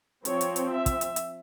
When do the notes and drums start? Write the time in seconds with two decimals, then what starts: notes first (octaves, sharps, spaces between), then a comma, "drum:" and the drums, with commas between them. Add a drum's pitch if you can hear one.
0.25 F3 C4 C#5, drum: hi-hat
0.41 drum: hi-hat
0.56 drum: hi-hat
0.70 E5
0.86 drum: kick, hi-hat
1.01 drum: hi-hat
1.16 drum: hi-hat